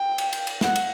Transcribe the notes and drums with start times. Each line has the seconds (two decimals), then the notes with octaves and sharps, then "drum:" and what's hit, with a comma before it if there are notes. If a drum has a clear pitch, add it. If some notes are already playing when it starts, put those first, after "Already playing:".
Already playing: G5
0.18 drum: cymbal
0.33 drum: cymbal
0.47 drum: cymbal
0.61 F#5, drum: snare
0.76 drum: cymbal